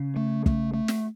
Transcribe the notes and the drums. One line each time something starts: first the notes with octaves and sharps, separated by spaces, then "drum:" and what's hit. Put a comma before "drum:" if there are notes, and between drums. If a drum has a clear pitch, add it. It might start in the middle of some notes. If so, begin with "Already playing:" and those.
Already playing: C#3
A3
A3, drum: kick
A3
drum: snare